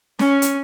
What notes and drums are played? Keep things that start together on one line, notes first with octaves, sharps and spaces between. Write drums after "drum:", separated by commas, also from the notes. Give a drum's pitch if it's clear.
C#4, drum: snare
drum: hi-hat